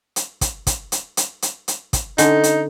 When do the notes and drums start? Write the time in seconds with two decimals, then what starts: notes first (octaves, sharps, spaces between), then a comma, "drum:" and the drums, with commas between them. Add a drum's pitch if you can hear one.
0.16 drum: hi-hat
0.41 drum: kick, hi-hat
0.67 drum: kick, hi-hat
0.92 drum: hi-hat
1.17 drum: hi-hat
1.42 drum: hi-hat
1.68 drum: hi-hat
1.93 drum: kick, hi-hat
2.18 D3 C#4 D#4, drum: hi-hat
2.44 drum: hi-hat